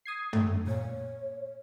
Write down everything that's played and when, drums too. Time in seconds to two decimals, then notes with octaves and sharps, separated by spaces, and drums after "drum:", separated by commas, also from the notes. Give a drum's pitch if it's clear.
0.06 D#6 G#6 C7
0.33 A3, drum: tom
0.67 A#2 C#5